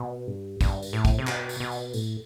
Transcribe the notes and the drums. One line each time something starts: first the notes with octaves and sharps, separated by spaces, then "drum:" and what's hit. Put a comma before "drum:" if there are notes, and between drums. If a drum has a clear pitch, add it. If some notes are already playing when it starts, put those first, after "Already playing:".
Already playing: B2
G2
G2, drum: kick, tambourine
drum: tambourine
A2
drum: kick, tambourine
C3
B2, drum: clap
drum: tambourine
B2
drum: tambourine
A2, drum: tambourine